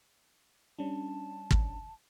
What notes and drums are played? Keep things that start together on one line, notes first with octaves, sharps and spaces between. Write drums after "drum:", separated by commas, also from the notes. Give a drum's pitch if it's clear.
G3 C#4 D4 A5
drum: kick